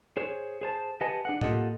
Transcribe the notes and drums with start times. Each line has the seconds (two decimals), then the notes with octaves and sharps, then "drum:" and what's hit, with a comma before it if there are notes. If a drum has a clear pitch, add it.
0.17 G#4 C5 C#5
0.61 G#4 C5 A5
1.01 G4 B4 D#5 F#5 G#5 A5
1.25 D4 G#4 F#5
1.41 A#3 F4 G4 A4 D#5 F#5, drum: tom A2